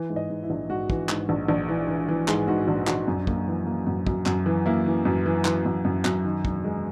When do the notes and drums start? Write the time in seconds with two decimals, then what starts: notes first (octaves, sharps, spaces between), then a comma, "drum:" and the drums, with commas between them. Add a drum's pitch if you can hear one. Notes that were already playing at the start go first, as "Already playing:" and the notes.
Already playing: E3
0.10 G#2
0.16 D#5
0.30 G#2
0.43 E4
0.50 A#1
0.69 G#2 F#4
0.90 E3, drum: kick
1.09 G#2, drum: clap
1.29 A#1
1.49 A#1
1.69 E3
1.88 E3
2.09 E3
2.28 G#2 G#4, drum: clap
2.48 G#2 F#4
2.68 A#1
2.87 A#1 F#4, drum: clap
3.08 F#2
3.27 A#3, drum: kick
3.47 E3
3.67 A#3
3.87 F#2
4.07 F#2, drum: kick
4.26 F#2, drum: clap
4.46 E3
4.66 A#3 E4
4.86 E3
5.05 F#2
5.26 E3
5.45 E3, drum: clap
5.66 F#2
5.85 F#2
6.05 F#2, drum: clap
6.25 D#3
6.45 E1, drum: kick
6.64 G#3